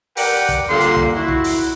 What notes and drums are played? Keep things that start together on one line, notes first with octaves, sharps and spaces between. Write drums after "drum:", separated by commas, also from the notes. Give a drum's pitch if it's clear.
G4 A#4 B4 D5 F#5 G5, drum: open hi-hat
drum: kick, hi-hat
A#2 D3 G3 A#3 F5 C6
drum: hi-hat
drum: kick
E4 F#4
drum: kick
drum: open hi-hat